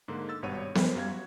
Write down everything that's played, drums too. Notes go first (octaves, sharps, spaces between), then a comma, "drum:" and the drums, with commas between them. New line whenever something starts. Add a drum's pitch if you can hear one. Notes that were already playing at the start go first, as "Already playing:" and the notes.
G#2 D3 A#3
E6 A6
G#1 G2 B2 C#5 F#5 D#7
A#4 C5, drum: snare B3
F#2 G3 F5 G#6
F#4